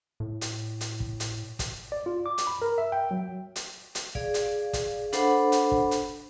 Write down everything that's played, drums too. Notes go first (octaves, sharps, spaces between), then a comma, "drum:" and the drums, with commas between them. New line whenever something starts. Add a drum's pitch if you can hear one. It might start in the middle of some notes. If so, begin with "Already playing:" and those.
A2
drum: hi-hat
drum: hi-hat
drum: kick
drum: hi-hat
drum: kick, hi-hat
D5
F4
D6
drum: hi-hat
B5
A#4
E5
G5
F#3
drum: hi-hat
drum: hi-hat
G#4 D5 F5, drum: kick
drum: hi-hat
drum: kick, hi-hat
D4 A4 C5 F#5 B5, drum: hi-hat
drum: hi-hat
drum: kick
drum: hi-hat